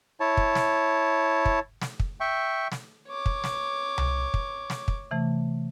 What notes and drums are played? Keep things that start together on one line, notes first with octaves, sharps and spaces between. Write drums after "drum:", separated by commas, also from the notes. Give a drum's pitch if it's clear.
E4 C#5 A5
drum: kick
drum: snare
drum: kick
drum: snare
drum: kick
E5 G5 C#6
drum: snare
C#5 D6
drum: kick
drum: snare
drum: tom C2
drum: kick
drum: snare
drum: kick
C3 E3 A3